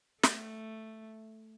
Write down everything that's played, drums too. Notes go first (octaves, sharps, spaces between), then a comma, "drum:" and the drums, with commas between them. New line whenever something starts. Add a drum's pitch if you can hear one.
A3, drum: snare